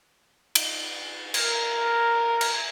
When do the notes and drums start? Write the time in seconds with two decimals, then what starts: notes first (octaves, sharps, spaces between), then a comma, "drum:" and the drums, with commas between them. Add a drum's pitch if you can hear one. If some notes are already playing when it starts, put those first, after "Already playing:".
0.55 drum: cymbal
1.34 A#4, drum: cymbal
2.41 drum: cymbal